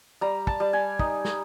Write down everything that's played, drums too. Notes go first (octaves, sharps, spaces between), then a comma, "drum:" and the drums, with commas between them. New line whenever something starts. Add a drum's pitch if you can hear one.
G3 A#5
A5, drum: kick
G3
G#5
D#4, drum: kick
drum: snare